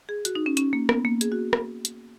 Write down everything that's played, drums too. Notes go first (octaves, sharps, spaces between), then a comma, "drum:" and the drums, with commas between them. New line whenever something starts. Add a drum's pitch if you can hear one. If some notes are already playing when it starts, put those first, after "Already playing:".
G#4
F#4, drum: hi-hat
D#4
C#4
C#4, drum: hi-hat
A#3
B3, drum: rim click
A#3
G#4, drum: hi-hat
F#4
drum: rim click
drum: hi-hat